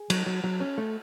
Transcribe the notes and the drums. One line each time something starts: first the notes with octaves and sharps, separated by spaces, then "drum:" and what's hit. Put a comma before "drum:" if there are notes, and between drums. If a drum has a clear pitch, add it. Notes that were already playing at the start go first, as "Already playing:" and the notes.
Already playing: G#4
F#3, drum: cymbal
F#3
F#3
C#4
A3